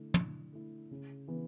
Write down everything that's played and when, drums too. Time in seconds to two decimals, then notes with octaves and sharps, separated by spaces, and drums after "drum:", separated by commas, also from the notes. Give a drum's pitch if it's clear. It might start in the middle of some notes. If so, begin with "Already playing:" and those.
Already playing: D3 A3 E4
0.14 D3, drum: tom
0.53 A3 E4
0.91 C#3
1.28 E3 B3